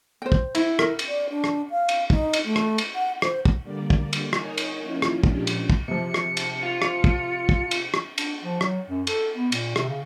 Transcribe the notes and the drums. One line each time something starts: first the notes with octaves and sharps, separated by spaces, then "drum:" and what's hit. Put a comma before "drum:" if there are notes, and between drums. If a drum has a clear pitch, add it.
C5 G5
drum: kick
E4, drum: cymbal
A#4, drum: rim click
drum: cymbal
D5
D4
drum: rim click
F5
drum: cymbal
D#4, drum: kick
drum: cymbal
A3
drum: rim click
drum: cymbal
F#5
C5, drum: rim click
drum: kick
D3 G3 A#3 D5
drum: kick
drum: cymbal
D#4 A#4 C#5 D#5 G#5, drum: rim click
drum: cymbal
F3 A#3 C#4 E4 F4
drum: rim click
A#2 F3 G#3 C#4 D4 G4, drum: kick
drum: cymbal
drum: kick
C3 F3 C#7
drum: rim click
drum: cymbal
F4
drum: rim click
drum: kick
drum: kick
drum: cymbal
drum: rim click
D4, drum: cymbal
F3
F#3, drum: rim click
F#2
A4, drum: cymbal
B3
A#2, drum: cymbal
C3, drum: rim click
C#3